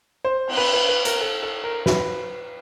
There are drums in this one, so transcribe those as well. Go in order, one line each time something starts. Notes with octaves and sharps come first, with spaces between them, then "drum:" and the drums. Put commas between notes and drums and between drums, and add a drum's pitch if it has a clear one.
C5
drum: cymbal
B4
B4
B4
A#4, drum: hi-hat
A4
A4
A#4
B4, drum: snare